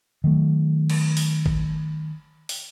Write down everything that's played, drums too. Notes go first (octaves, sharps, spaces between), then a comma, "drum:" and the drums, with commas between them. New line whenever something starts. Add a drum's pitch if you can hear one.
D#3 F#3 A3
drum: cymbal
drum: open hi-hat
drum: kick
drum: open hi-hat